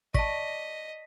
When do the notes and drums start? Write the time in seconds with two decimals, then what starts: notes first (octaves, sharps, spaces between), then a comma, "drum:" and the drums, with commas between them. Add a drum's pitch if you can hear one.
0.14 D5 D#5 A5 C#6 A#6 B6, drum: kick